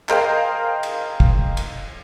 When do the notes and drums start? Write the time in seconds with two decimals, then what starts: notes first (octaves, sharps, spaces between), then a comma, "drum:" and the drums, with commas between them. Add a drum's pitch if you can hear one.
0.09 G#4 A#4 C5 D#5 F5 G5, drum: clap
0.83 drum: cymbal
1.20 drum: kick
1.57 drum: cymbal